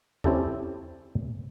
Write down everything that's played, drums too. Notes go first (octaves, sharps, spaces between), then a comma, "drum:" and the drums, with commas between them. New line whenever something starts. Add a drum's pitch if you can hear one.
C4 C#4 E4 G4 A4 D5, drum: tom E2